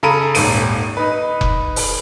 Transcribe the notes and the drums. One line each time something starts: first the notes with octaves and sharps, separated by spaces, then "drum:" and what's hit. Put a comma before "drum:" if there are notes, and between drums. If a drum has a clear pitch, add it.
C#3 A4 A#5 B5 D#7
D#1 G#1 D#7, drum: open hi-hat
D#4 B4
drum: kick F1
drum: open hi-hat